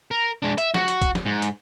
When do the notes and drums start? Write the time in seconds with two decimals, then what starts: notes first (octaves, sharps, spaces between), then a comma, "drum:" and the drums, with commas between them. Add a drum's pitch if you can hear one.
0.11 A#4
0.43 G#3 D4
0.58 E5, drum: hi-hat
0.74 F#4, drum: snare
0.88 drum: hi-hat
1.02 drum: kick, hi-hat
1.15 drum: snare
1.26 G#2
1.42 drum: hi-hat